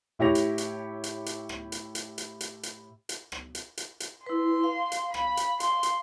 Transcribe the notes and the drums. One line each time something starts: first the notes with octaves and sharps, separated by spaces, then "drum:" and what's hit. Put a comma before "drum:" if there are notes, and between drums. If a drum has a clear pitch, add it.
A2 E4 G4 C#5 A#6 F7
drum: hi-hat
drum: hi-hat
drum: hi-hat
drum: hi-hat
drum: rim click
drum: hi-hat
drum: hi-hat
drum: hi-hat
drum: hi-hat
drum: hi-hat
drum: hi-hat
drum: rim click
drum: hi-hat
drum: hi-hat
drum: hi-hat
E4 B4 C6
F5
drum: hi-hat
B5, drum: rim click
drum: hi-hat
C6, drum: hi-hat
drum: hi-hat